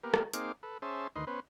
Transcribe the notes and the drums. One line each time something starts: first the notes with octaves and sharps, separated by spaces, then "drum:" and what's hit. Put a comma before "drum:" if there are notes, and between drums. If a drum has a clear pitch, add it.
A#3 B3 G4 A#4
drum: rim click
A#3 C4 D#4 G#4 F5 D6, drum: hi-hat
A4 B4
C#4 G#4 C5 E5 A5
D2 D#3 B4 D#5 C6
B3 C#4 B4 C5